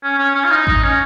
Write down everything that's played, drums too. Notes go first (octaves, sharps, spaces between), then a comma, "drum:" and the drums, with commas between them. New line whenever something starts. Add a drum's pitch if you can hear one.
C#4
C#4
C#4
F4
D#4
D#4, drum: kick A1
C#4